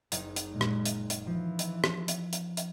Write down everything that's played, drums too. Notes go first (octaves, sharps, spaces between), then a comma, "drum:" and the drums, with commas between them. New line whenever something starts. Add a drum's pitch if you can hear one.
F#1 D#4, drum: hi-hat
drum: hi-hat
A#2 G#3
drum: rim click
drum: hi-hat
drum: hi-hat
E3 F3
drum: hi-hat
drum: rim click
drum: hi-hat
drum: hi-hat
drum: hi-hat